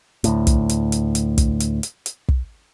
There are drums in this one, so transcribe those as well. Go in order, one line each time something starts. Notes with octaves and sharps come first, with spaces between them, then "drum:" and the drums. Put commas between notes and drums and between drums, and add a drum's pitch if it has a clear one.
D2 A2, drum: hi-hat
drum: kick, hi-hat
drum: hi-hat
drum: hi-hat
drum: hi-hat
drum: kick, hi-hat
drum: hi-hat
drum: hi-hat
drum: hi-hat
drum: kick